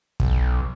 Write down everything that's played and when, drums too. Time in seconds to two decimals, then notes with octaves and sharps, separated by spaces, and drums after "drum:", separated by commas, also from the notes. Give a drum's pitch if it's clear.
0.20 B1, drum: kick